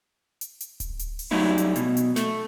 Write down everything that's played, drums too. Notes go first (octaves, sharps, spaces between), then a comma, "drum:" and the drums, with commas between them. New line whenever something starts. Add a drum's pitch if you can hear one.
drum: hi-hat
drum: hi-hat
drum: kick D1, hi-hat
drum: hi-hat
drum: open hi-hat
F#3 G3 A3 C#4 D#4 E4
drum: hi-hat
B2, drum: hi-hat
drum: hi-hat
A3, drum: snare